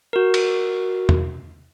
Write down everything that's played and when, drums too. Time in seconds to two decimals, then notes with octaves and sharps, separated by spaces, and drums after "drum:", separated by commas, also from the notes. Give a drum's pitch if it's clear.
0.13 F#4 A#4
0.34 drum: cymbal
1.09 drum: tom E2